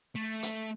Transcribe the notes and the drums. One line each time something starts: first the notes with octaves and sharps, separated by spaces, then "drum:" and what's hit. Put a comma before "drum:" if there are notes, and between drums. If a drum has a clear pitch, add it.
A3
drum: hi-hat